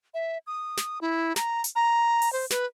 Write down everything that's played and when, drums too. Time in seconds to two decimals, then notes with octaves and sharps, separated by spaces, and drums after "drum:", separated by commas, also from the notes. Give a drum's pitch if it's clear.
0.14 E5
0.47 D#6
0.77 drum: snare
1.01 E4
1.36 A#5, drum: snare
1.64 drum: hi-hat
1.76 A#5
2.22 drum: open hi-hat
2.33 C5
2.50 B4, drum: snare